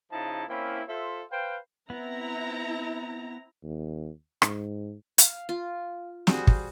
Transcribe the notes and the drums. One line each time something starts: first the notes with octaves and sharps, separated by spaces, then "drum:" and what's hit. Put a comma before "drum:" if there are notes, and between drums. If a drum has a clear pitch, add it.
C#3 F3 D#4 E4 A5
A#3 C4 C#4 E4
F4 A4 C5 E5
B4 C5 F5 G5
B3 C4 E4 A#5
D#2
G#2, drum: rim click
F5, drum: hi-hat
F4
G3 F#4 G#4 C5, drum: snare
drum: kick